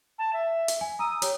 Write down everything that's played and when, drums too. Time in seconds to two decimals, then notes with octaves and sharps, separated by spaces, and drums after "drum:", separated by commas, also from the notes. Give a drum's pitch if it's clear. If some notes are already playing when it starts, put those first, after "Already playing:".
0.19 A5
0.33 E5
0.68 drum: hi-hat
0.81 G#5
0.99 A#5 D#6 E6
1.22 G4 C#5, drum: hi-hat